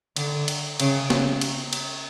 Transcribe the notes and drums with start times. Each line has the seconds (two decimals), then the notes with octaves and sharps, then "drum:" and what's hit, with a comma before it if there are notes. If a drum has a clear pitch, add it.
0.16 D3, drum: cymbal
0.48 drum: cymbal
0.80 C#3, drum: cymbal
1.10 drum: snare
1.41 drum: cymbal
1.73 drum: cymbal